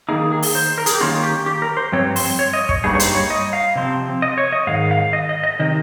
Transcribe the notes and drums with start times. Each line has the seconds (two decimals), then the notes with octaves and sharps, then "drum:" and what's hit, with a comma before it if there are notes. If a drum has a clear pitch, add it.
0.09 D#3 A#3 D#4 G#4
0.32 G#4
0.43 drum: open hi-hat
0.55 C5
0.78 A#4
0.86 G#4, drum: hi-hat
0.93 G4
1.01 D#3 A#3 C#4 F4
1.23 G4
1.46 G4
1.62 A#4
1.77 C5
1.92 G2 F3 C4 C#5
2.16 C5, drum: open hi-hat
2.39 C#5
2.54 D#5
2.69 C#5, drum: kick
2.84 G2 G3 A#3 D#4 G#4
2.95 C#5
3.00 C5, drum: hi-hat
3.15 C#5
3.30 D#5
3.53 F5
3.76 C3 F3 C4
4.22 D#5
4.38 C#5
4.53 D#5
4.67 G#2 D#3 F5
4.91 F5
5.13 D#5
5.29 D#5
5.44 D#5
5.59 C3 D#3 D#5